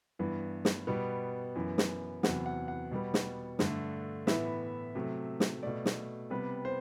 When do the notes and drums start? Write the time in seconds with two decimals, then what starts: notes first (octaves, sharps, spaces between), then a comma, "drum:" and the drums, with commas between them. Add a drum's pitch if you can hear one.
0.19 G2 E3 B3
0.65 drum: snare
0.87 B2 G3 B3
1.55 F#2 E3 B3
1.78 drum: snare
2.23 E2 C3 F#3 B3 F#5, drum: snare
2.46 F#5
2.68 F#5
2.91 B2 G3 B3
3.14 drum: snare
3.59 G2 D3 A3, drum: snare
4.27 A2 E3 B3 E5, drum: snare
4.95 C3 F#3 A3
5.40 drum: snare
5.63 B2 A3 D5
5.86 drum: snare
6.30 C3 G3 B3 B4
6.65 C5